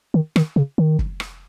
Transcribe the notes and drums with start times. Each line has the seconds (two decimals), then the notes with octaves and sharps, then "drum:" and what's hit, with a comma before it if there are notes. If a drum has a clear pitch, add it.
0.14 D#3
0.36 D#3, drum: rim click
0.56 C#3
0.78 D#3
0.99 drum: kick
1.20 drum: rim click